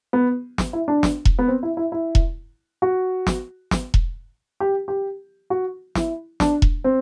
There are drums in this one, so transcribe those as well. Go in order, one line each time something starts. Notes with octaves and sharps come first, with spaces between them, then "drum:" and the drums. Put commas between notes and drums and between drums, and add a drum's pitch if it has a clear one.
B3
drum: snare
E4
D4
drum: snare
drum: kick E1
B3
C4
E4
E4
E4
drum: kick E1
F#4
drum: snare
drum: snare
drum: kick E1
G4
G4
F#4
E4, drum: snare
D4, drum: snare
drum: kick E1
C4